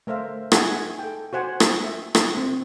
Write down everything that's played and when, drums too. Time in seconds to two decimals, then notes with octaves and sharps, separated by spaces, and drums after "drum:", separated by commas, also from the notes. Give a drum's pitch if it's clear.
0.07 A3 A#4 C5 E5 F5
0.52 D#4 G#4 E5 F#5 G#5, drum: rim click
0.99 A4 G5
1.33 F#4 C5 F#5 G#5
1.60 drum: rim click
1.84 E5
2.15 drum: rim click
2.37 C4